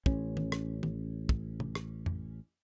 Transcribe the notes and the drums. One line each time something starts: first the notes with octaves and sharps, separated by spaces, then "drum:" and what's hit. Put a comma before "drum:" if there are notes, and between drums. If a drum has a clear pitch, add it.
A1 C#4, drum: kick
drum: tom
drum: rim click
drum: tom
drum: kick
drum: tom
drum: rim click
drum: tom F2